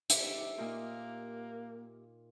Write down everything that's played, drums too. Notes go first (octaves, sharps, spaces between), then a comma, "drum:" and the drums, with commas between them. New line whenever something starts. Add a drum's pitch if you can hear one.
G4 E5, drum: hi-hat
A#2 A#3 D#4 F4